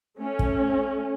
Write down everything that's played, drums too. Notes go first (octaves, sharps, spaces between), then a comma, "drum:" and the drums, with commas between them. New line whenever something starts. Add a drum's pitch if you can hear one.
A3 C#4
drum: kick